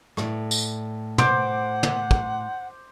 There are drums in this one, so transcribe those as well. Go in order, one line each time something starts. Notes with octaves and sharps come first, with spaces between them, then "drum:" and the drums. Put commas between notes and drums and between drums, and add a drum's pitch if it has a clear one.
A2 D5, drum: rim click
drum: tambourine
C5 F#5 D6, drum: tom
drum: tom
drum: kick